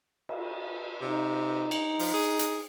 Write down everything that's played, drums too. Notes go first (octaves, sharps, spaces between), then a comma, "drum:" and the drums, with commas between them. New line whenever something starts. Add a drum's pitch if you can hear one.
drum: cymbal
C3 D#4
drum: cymbal
F3, drum: open hi-hat
G#4
drum: hi-hat